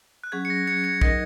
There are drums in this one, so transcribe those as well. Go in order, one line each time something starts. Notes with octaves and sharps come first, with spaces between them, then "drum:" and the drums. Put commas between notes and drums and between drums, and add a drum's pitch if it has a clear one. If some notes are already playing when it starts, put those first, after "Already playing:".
F#6
F#3 C#4 G#4 G#6
C#7
A#6
G#6 C#7
G#6 C#7
F#3 D#4 A#4 D#5 A#6, drum: kick